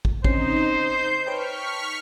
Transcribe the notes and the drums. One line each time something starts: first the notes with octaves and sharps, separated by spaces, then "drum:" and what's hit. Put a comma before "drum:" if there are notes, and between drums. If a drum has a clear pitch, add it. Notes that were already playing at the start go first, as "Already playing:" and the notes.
drum: kick
D3 C4 C#4 D#4 C5 C7, drum: kick
G6
B4 C#5 G5 A5 C#6 F6 B6